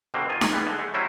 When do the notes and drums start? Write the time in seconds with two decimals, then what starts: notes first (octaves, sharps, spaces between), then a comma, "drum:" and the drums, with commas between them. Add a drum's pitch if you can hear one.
0.14 B2 D3 G3 A#3 C4
0.29 D#3 F4 G#5
0.41 drum: snare D#4
0.53 E3 G3 G#3 B3
0.67 D3 G#3
0.79 G#3 A3
0.94 F#3 G3 A3 C4 C#4 E4